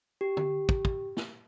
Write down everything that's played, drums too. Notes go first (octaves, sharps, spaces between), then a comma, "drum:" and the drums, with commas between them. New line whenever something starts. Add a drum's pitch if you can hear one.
G4
drum: tom
drum: kick
drum: kick
drum: snare